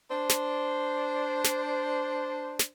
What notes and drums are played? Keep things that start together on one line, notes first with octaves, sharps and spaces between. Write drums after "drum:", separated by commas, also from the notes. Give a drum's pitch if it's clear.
D4 C5
drum: snare
drum: snare
drum: snare